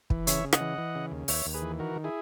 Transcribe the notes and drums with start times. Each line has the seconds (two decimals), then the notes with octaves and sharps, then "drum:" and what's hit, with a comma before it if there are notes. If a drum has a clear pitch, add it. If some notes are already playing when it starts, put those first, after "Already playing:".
0.10 E3, drum: kick
0.27 C#3 C#5 E5, drum: hi-hat
0.44 C#3
0.53 D#5 F#5, drum: rim click
0.61 E3
0.78 E3
0.95 C#3
1.11 D#2
1.28 D#2 C#5 E5, drum: open hi-hat
1.46 D#2
1.54 G#4 B4
1.62 E3
1.79 D#3 F#4 A#4
1.96 D#3
2.04 E4 G#4